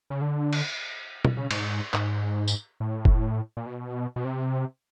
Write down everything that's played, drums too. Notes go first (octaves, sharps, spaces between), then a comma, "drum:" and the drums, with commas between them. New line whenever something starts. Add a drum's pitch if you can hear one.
C#3
D3
drum: cymbal
drum: tom
C#3
G#2, drum: cymbal
G#2, drum: clap
drum: tambourine
A2
drum: kick F1
A#2
B2
B2
C3